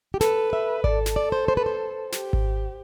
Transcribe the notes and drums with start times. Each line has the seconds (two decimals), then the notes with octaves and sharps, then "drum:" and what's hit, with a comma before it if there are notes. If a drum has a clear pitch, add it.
0.14 G4
0.21 A4 B4, drum: snare
0.53 E5
0.84 A4 D5, drum: kick G#1
1.06 drum: snare
1.16 D5
1.32 C5
1.48 C5
1.57 B4
1.66 C5
2.12 G4, drum: snare
2.33 drum: kick G#1